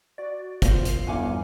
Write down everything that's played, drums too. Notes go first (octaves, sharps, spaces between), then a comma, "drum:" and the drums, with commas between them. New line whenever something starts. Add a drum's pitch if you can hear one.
F#4 D5
F4 C5, drum: kick, hi-hat
E2 C7, drum: hi-hat
G1 E2 G2 F#5 G#5 D6